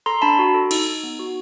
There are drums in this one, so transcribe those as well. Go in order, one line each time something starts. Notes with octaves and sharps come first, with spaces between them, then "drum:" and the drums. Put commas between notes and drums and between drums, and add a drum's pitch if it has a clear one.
A4 A#5 C6
D4 A5 B5
F#4
A4
D#4, drum: cymbal
D#4
B3
F#4